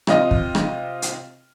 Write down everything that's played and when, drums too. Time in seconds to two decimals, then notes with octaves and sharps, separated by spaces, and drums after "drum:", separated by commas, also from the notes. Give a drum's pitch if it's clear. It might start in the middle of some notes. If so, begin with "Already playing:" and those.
0.07 C3 F4 D#5, drum: rim click
0.31 drum: kick
0.55 drum: rim click
1.02 drum: hi-hat